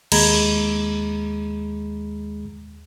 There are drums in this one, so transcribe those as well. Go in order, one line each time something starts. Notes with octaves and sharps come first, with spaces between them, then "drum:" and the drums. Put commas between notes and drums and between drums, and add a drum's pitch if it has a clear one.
D#2 G#3 A#5 B5 G#6, drum: cymbal